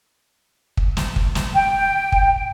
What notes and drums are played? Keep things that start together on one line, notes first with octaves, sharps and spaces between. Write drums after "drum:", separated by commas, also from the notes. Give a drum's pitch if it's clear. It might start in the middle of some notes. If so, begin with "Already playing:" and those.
drum: kick
drum: snare
drum: kick
drum: snare
G5
drum: kick